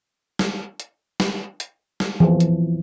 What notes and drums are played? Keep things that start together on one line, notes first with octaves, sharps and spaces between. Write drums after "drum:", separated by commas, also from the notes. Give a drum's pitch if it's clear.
drum: snare
drum: hi-hat
drum: snare
drum: hi-hat
drum: snare
E3 F3
drum: hi-hat